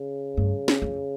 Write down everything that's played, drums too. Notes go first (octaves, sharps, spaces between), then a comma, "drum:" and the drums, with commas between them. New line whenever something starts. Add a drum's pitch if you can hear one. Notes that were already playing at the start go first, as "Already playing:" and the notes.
Already playing: C#3
G2
drum: snare
F2